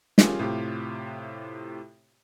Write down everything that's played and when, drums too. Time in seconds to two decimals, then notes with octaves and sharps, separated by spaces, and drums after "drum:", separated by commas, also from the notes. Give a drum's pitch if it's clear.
0.18 C#4 F4 G4 G#4 A#4, drum: snare
0.39 A2 C3 F4 G4